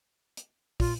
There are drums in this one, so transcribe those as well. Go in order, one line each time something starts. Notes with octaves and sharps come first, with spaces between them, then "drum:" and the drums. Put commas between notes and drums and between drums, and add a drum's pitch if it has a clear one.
drum: hi-hat
A#2 F4, drum: kick, open hi-hat